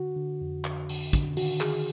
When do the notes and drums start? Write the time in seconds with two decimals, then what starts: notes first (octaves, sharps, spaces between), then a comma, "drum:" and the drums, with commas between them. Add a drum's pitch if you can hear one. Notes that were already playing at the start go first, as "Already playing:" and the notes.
Already playing: D3 F#4
0.16 D3
0.41 F2
0.65 D3, drum: clap
0.89 D3, drum: open hi-hat
1.13 D3, drum: kick, hi-hat
1.37 D#3 F#4, drum: open hi-hat
1.61 D#3 G#4, drum: clap